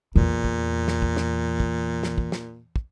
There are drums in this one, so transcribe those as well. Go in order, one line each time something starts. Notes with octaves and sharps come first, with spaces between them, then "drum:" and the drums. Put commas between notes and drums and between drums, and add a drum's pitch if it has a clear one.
E2 A#2
drum: kick
drum: snare
drum: kick
drum: snare
drum: kick
drum: snare
drum: kick
drum: snare
drum: kick